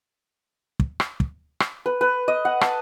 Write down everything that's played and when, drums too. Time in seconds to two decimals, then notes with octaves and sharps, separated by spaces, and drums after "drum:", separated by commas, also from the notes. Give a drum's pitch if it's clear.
0.80 drum: kick
1.00 drum: rim click
1.20 drum: kick
1.60 drum: rim click
1.86 B4
2.01 B4
2.28 D#5
2.45 F#5
2.61 A5, drum: rim click